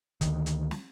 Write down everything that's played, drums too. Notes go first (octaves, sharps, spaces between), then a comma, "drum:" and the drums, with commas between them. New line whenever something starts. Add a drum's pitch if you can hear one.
D2 D#3, drum: kick, hi-hat
drum: hi-hat
drum: snare